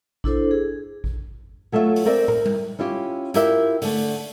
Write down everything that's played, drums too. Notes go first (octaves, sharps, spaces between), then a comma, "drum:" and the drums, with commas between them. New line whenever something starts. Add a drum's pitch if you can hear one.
D4 E4 A4 C5, drum: kick G#1
G#4
drum: kick G#1
F#3 A3 F4 C#5 E5
drum: open hi-hat
C4 A#4 D5 E5
A#4, drum: tom
drum: tom G3
C#4 E4 F4 G4
E4 F4 G4 A#4 E5, drum: hi-hat
D3 A3, drum: open hi-hat